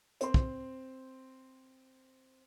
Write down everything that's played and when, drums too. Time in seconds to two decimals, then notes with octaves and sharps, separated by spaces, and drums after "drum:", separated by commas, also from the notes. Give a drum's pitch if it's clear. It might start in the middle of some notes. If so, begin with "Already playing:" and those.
0.21 C4 C6, drum: hi-hat
0.34 drum: kick